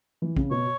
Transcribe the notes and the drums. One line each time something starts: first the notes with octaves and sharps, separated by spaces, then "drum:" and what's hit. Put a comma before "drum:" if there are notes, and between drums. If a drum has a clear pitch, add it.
E3
C#3, drum: kick
B2 C#5